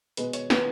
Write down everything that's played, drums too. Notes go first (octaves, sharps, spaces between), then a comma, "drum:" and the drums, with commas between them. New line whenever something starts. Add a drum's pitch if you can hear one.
B2 G#3 B3 B4, drum: hi-hat
C#5, drum: hi-hat
B4, drum: snare